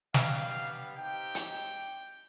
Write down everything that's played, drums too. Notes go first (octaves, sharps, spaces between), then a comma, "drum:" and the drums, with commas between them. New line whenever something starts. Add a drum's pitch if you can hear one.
G3 B3 D4 G4 F5, drum: snare
C4 D#4 G4 G5
drum: hi-hat